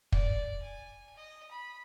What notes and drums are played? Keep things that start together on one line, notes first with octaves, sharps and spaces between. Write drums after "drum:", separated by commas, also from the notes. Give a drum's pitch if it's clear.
D5, drum: kick
G#5
D#5
B5